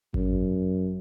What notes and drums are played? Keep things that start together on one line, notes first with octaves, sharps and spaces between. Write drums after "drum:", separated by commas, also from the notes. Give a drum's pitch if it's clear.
F#2, drum: kick G#1